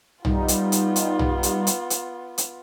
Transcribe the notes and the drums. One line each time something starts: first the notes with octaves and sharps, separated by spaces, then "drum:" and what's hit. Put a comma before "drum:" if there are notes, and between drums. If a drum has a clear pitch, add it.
G3 B3 D#4 F4, drum: tom
drum: hi-hat
drum: hi-hat
drum: hi-hat
drum: tom
drum: hi-hat
drum: hi-hat
drum: hi-hat
drum: hi-hat